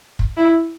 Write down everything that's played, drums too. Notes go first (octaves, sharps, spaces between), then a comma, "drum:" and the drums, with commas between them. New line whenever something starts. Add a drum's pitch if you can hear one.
drum: kick
E4